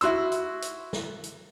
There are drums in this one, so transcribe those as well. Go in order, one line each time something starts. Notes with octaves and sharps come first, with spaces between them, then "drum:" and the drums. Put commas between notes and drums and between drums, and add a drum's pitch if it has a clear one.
E4 F#4 C6 E6, drum: hi-hat
drum: hi-hat
drum: hi-hat
drum: snare
drum: hi-hat